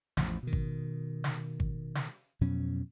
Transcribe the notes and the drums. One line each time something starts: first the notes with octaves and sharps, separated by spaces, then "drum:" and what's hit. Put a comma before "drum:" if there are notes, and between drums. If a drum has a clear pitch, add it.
A1 E2 F3, drum: snare
B2 D#3
drum: kick G#1
drum: snare
drum: kick G#1
drum: snare
F2 B2 F#3 C#4